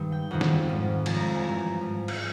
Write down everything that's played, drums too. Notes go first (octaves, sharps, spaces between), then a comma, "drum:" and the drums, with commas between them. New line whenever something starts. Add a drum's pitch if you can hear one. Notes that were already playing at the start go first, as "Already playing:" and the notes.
Already playing: G2 D#3
G5
F2 C3 D#3 F#5
drum: snare
G#2 F3
F2 C3 F3 A5, drum: cymbal
A#5
G#5
G2 E3 A#5
G#2 F3
drum: cymbal